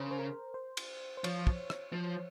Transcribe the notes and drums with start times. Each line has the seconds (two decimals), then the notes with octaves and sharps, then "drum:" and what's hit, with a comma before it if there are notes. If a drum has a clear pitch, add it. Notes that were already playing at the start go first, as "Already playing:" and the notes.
Already playing: C#3 A#4 C5
0.11 C5
0.19 A#4
0.54 C5
0.77 drum: cymbal
1.17 C5
1.24 F3 C#5, drum: cymbal
1.47 drum: kick
1.70 drum: rim click
1.93 F3